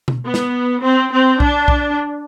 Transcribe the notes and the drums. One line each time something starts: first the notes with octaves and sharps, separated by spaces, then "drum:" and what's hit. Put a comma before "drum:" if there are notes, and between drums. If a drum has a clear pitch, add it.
drum: tom B2
B3
drum: snare
C4
C4
D4, drum: kick B1
drum: kick B1